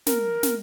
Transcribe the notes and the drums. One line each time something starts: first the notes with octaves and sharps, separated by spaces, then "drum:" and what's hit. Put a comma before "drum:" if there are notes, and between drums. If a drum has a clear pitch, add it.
A#4, drum: snare
drum: snare